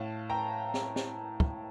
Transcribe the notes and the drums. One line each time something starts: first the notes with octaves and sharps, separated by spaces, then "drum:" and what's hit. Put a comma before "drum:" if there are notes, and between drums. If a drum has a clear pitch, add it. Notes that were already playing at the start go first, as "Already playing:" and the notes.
Already playing: A2 F5 A5
G5 A#5
drum: snare
drum: snare
drum: kick